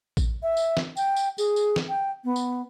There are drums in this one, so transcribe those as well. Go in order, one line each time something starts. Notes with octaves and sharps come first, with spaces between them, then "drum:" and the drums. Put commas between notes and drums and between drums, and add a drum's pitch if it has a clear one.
drum: kick A1, tambourine
E5
drum: tambourine
drum: snare
G5, drum: tambourine
drum: tambourine
G#4, drum: tambourine
drum: tambourine
drum: snare
G5
B3
drum: tambourine